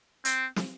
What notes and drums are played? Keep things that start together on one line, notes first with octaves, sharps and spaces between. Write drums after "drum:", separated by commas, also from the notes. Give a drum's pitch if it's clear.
C4, drum: hi-hat
drum: snare